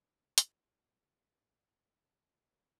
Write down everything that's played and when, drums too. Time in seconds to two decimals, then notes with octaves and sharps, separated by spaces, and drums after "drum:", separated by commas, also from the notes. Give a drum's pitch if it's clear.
0.38 drum: hi-hat
0.76 A#2 F#3 F#4
1.23 C2 A2 A3 B3 E5
1.39 B1 D5
2.05 G1 A5
2.47 A#3 C#4 E4